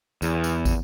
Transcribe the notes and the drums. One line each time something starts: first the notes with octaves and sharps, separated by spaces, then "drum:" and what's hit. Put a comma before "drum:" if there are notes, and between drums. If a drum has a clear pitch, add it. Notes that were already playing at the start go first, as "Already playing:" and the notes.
E2, drum: tambourine
drum: tambourine
drum: kick, tambourine